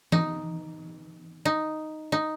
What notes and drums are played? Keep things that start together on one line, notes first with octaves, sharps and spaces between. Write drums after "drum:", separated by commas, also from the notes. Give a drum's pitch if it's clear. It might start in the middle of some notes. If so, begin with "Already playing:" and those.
D#4, drum: tom E3
D#4
D#4